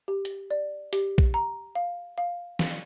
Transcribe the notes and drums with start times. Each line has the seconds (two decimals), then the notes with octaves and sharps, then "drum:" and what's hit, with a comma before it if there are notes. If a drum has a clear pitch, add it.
0.08 G4
0.25 drum: hi-hat
0.51 D5
0.93 G4, drum: hi-hat
1.18 drum: kick A#1
1.34 A#5
1.75 F5
2.18 F5
2.59 F5, drum: snare